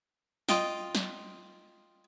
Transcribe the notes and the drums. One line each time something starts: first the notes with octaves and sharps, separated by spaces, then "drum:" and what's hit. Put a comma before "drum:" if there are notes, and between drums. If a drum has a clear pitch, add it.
F4 D#5 G5, drum: snare
drum: snare